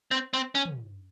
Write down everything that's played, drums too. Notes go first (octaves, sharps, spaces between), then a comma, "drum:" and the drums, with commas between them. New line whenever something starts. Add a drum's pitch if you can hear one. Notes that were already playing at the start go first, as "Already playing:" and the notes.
C4
C4
C#4
drum: tom